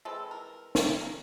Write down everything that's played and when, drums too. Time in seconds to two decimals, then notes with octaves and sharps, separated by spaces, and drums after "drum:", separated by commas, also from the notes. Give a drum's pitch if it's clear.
0.05 E3 G#3 C4 A4
0.31 A#4
0.75 drum: snare
1.01 A#4